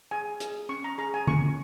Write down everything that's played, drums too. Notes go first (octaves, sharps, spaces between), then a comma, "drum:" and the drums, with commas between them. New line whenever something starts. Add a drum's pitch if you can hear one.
G#4 G#5
G#4, drum: hi-hat
C#4 C#6
A#5
G#4 A#5
G#5
C#4 C#6, drum: tom